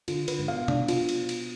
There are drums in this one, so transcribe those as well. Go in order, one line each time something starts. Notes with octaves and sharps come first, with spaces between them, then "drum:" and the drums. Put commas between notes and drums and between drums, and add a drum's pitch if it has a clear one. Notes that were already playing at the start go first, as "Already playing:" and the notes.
D3 F4, drum: cymbal
D3 B4, drum: cymbal
G#2
B2 F5
D4, drum: tom B2
F4, drum: cymbal
drum: cymbal
drum: cymbal